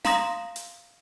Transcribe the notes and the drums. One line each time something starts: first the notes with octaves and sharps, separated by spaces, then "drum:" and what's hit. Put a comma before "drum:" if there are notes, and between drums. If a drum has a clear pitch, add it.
F5 A#5 C6 D#6 A#6 E7, drum: snare
drum: hi-hat